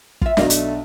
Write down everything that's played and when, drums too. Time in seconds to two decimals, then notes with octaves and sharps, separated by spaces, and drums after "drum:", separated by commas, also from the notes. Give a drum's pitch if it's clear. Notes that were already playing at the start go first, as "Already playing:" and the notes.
0.21 F4 E5, drum: kick
0.37 B1 E2 A#3 D4 D#5 A#5, drum: snare
0.50 A3, drum: hi-hat